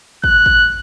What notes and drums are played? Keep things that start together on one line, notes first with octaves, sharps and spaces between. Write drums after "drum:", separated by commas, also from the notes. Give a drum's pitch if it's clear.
F#6, drum: kick
drum: kick